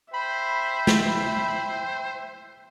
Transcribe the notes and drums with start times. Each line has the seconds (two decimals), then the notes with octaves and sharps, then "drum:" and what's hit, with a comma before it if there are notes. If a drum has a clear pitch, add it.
0.13 C5 E5 G5 B5
0.87 drum: snare